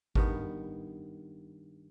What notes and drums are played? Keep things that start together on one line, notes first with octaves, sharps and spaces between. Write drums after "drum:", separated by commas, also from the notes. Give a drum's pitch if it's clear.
G2 D#3 B3, drum: kick G#1